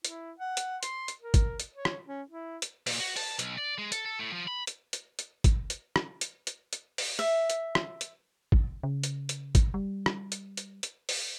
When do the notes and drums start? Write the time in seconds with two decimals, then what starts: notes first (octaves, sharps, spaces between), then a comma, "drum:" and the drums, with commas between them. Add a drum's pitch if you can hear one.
0.05 E4, drum: hi-hat
0.40 F#5
0.57 drum: hi-hat
0.83 C6, drum: hi-hat
1.08 drum: hi-hat
1.22 A#4
1.34 drum: kick, hi-hat
1.60 drum: hi-hat
1.75 C#5
1.85 drum: rim click
2.07 C#4
2.31 E4
2.62 drum: hi-hat
2.87 A#2, drum: open hi-hat
2.99 F#4
3.16 A5, drum: open hi-hat
3.39 B1, drum: hi-hat
3.58 D5
3.78 G#3
3.92 A4, drum: hi-hat
4.06 A4
4.19 A2
4.33 F3
4.48 B5
4.67 drum: hi-hat
4.93 drum: hi-hat
5.19 drum: hi-hat
5.44 drum: kick, hi-hat
5.70 drum: hi-hat
5.96 drum: rim click
6.21 drum: hi-hat
6.47 drum: hi-hat
6.73 drum: hi-hat
6.98 drum: open hi-hat
7.19 E5
7.50 drum: hi-hat
7.75 drum: rim click
8.01 drum: hi-hat
8.52 drum: kick
8.83 C#3
9.04 drum: hi-hat
9.29 drum: hi-hat
9.55 drum: kick, hi-hat
9.74 G3
10.06 drum: rim click
10.32 drum: hi-hat
10.57 drum: hi-hat
10.83 drum: hi-hat
11.09 drum: open hi-hat